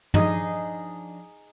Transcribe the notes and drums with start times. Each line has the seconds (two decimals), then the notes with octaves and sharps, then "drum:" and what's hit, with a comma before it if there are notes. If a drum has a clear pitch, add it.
0.14 F3 D4 D#4 G#4 D#5, drum: tom